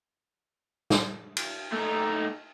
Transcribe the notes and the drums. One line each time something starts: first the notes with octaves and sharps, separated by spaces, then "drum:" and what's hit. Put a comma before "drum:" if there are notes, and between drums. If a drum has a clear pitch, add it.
drum: snare
drum: cymbal
A3 D#4